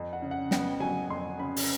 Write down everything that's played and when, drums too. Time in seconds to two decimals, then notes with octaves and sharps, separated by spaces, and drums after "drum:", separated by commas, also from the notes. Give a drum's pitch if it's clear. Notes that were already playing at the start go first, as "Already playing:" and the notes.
Already playing: F2
0.13 F#5
0.22 C#3
0.31 F#5
0.51 B3 G5, drum: snare
0.80 F#3 G#5
1.10 F2 C6
1.39 C#3 B5
1.56 drum: open hi-hat